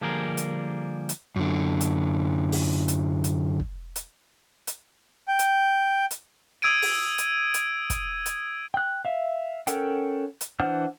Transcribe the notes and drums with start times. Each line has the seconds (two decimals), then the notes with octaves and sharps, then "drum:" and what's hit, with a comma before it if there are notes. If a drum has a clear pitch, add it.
0.01 D3 F3 G3 A#3 G#4 A#4
0.37 drum: hi-hat
1.09 drum: hi-hat
1.36 F#2 D3
1.81 drum: hi-hat
2.52 drum: open hi-hat
2.88 drum: hi-hat
3.24 drum: hi-hat
3.60 drum: kick
3.96 drum: hi-hat
4.67 drum: hi-hat
5.28 G5
5.39 drum: hi-hat
6.11 drum: hi-hat
6.62 D#6 E6 G#6 D7 D#7
6.82 drum: open hi-hat
7.18 drum: hi-hat
7.54 drum: hi-hat
7.90 drum: kick, hi-hat
8.26 drum: hi-hat
8.74 G5 F#6
9.05 E5 F5
9.67 C#4 A4 A#4 F#5 G5, drum: hi-hat
10.41 drum: hi-hat
10.60 E3 D4 C5 F#5 F6